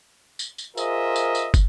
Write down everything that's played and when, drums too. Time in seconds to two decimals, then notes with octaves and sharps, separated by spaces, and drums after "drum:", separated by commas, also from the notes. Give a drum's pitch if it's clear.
0.39 drum: tambourine
0.58 drum: tambourine
0.77 F4 G#4 A#4 C5 D#5 E5, drum: tambourine
1.16 drum: tambourine
1.35 drum: tambourine
1.54 drum: kick, tambourine